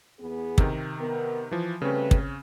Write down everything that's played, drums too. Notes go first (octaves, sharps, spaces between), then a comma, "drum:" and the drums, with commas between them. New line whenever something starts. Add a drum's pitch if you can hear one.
E2 B3 G#4
C3 D#3, drum: kick
B3 A#4
E3 F3
C#3 G3 A3 C4 C#4 B4
drum: kick